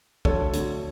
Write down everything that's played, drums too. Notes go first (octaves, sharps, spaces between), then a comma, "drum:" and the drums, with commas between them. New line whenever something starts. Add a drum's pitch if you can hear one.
D2 A4 C#5, drum: kick
D2, drum: hi-hat